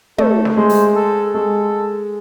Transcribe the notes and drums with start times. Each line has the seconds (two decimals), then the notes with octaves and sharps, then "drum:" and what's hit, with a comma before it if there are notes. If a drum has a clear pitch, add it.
0.18 A3 A4, drum: tom
0.45 drum: snare
0.57 G#3 C5
0.70 drum: open hi-hat
0.95 A4
1.34 G#3 A4